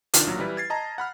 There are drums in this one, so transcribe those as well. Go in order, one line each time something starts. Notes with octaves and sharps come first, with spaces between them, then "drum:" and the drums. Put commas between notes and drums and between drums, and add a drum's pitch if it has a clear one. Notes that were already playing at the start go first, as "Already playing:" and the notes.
C2 D#3 D4 F4 F6, drum: hi-hat
A1 A#2 F#3
E3 G3 E4 B4
G#6 A6 C7
D#5 A5 A#5
F#5 B5 F6